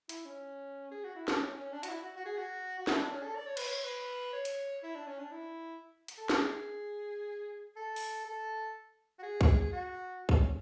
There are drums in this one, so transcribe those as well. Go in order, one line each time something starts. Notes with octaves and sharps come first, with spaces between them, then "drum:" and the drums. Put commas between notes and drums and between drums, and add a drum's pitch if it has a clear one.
E4, drum: hi-hat
C#4
G#4
F#4
E4
D4, drum: snare
C#4
C#4
D4
F#4, drum: hi-hat
E4
F#4
F#4
G#4
F#4
F#4
E4, drum: snare
D4
C#4
A4
D5
C#5
B4, drum: cymbal
C#5
B4
C#5
drum: hi-hat
E4
D4
C#4
D4
E4
drum: hi-hat
A4
G#4, drum: snare
A4
drum: open hi-hat
A4
F#4
G#4
drum: kick
G#4
F#4
D4, drum: kick
C#4